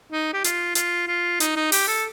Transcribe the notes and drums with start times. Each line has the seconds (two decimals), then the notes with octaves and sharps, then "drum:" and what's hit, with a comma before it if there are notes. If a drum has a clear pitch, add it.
0.12 D#4
0.33 G4
0.44 F4, drum: hi-hat
0.75 F4, drum: hi-hat
1.08 F4
1.40 D#4, drum: hi-hat
1.56 D#4
1.72 G4, drum: open hi-hat
1.88 A4